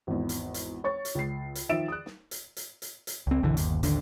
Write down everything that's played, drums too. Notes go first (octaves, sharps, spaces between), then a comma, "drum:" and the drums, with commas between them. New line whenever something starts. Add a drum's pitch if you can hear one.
G#1 E2
drum: hi-hat
drum: hi-hat
C#5 C#6 A6
drum: hi-hat
C#2 C7
drum: hi-hat
D#3 F3 E5 A6 D7 E7
D#6 F#6
drum: snare
drum: hi-hat
drum: hi-hat
drum: hi-hat
drum: hi-hat
C#2 C4
F#1 B1 D3 E3
G1 D#2, drum: hi-hat
A1 D#2 D3, drum: hi-hat